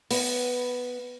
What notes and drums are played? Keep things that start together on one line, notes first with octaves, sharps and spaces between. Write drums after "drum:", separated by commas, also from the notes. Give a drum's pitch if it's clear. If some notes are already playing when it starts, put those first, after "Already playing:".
B3, drum: open hi-hat